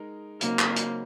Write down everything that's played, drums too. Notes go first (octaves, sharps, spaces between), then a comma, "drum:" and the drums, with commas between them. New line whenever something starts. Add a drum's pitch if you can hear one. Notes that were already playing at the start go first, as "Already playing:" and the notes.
Already playing: G#3 D#4 A#4
C#3 F#3 A#3 C4 D#4, drum: hi-hat
drum: clap
drum: hi-hat